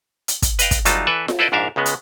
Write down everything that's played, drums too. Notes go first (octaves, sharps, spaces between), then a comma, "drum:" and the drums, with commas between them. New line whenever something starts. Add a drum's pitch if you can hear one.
drum: hi-hat
drum: kick, hi-hat
B4 D#5 F5 G5, drum: hi-hat
drum: kick, hi-hat
D2 F#3 G3 D#4 F4 A5, drum: hi-hat
E3 A4 B4 D5 E5
drum: snare F4
E4 A4 B4 C5 D5 D#5
A#1 G#2 D4 A#4 E5 F5
C#2 C#3 G#3 B3
drum: hi-hat